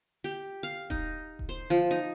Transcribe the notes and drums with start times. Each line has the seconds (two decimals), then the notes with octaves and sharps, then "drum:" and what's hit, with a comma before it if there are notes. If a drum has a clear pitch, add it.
0.24 G4
0.63 F5
0.90 D#4, drum: kick D#1
1.39 drum: kick D#1
1.49 C5
1.70 F3
1.91 D#4